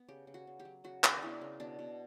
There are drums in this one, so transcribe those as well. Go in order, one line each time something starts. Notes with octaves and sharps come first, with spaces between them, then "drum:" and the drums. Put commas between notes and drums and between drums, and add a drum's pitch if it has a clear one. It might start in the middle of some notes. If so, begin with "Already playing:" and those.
Already playing: B3
C#3 G4
C#3
F#4
C#3
G4
F#3
C#3 F#4
C#3, drum: clap
D4
B3 E4
C#3
B2 D4
B2